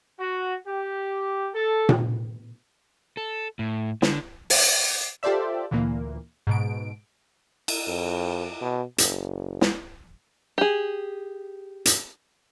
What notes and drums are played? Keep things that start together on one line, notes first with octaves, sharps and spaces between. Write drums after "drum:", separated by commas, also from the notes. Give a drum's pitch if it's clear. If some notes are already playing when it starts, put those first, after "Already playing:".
F#4
G4
A4
drum: tom A#2
A4
A2
D3, drum: snare
drum: open hi-hat
F4 G4 A4 C5 D5 E5
D2 A#2 E3 A#3
G#2 B2 D7
drum: cymbal
F2
B2
F#1, drum: hi-hat
drum: snare
G4 G#4
drum: hi-hat